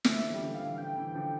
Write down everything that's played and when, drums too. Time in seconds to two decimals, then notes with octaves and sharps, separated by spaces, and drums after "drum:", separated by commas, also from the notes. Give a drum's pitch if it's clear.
0.04 D3 F3 E5, drum: snare
0.23 E3
0.33 G3
0.41 D3 F3
0.54 F5
0.60 E3
0.74 F5
0.78 D3 G5
0.97 E3
1.15 D3 F3